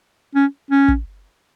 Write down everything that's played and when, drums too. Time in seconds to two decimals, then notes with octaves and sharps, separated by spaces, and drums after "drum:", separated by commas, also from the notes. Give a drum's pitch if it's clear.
0.35 C#4
0.71 C#4
0.88 drum: kick